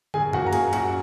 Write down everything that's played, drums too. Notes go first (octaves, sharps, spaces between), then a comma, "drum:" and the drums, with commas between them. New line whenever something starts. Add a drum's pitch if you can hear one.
F#2 G#4 G#5, drum: tom
A#3 F#4 F#5, drum: tom G2
A#5
A#3 G#4 G#5, drum: cymbal
F#2 F#4 F#5, drum: cymbal